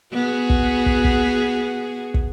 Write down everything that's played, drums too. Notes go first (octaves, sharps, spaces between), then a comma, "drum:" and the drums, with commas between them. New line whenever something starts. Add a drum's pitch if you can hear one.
B3 F#4 G#4
drum: kick
drum: kick
drum: kick
drum: kick